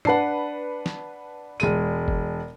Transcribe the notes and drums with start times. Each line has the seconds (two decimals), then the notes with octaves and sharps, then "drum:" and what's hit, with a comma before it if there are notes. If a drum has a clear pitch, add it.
0.05 D4 B4 F#5 A5 C7, drum: tom
0.86 drum: snare
1.60 E1 G#3 D#7, drum: tambourine
2.08 drum: kick F#1